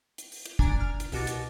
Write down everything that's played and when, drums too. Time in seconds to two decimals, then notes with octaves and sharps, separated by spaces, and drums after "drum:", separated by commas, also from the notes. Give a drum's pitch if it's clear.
0.18 drum: hi-hat
0.32 drum: open hi-hat
0.46 drum: hi-hat
0.59 D4 G#5 A#5 A6 D7, drum: kick
0.80 F6
1.00 drum: hi-hat
1.12 C2 B2 F#4 D6 A6, drum: open hi-hat
1.27 drum: hi-hat